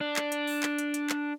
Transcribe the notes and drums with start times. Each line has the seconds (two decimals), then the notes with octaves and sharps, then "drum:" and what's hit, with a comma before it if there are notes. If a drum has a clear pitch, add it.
0.01 D4
0.16 drum: clap
0.32 drum: hi-hat
0.47 drum: open hi-hat
0.63 drum: clap
0.78 drum: hi-hat
0.94 drum: hi-hat
1.10 drum: clap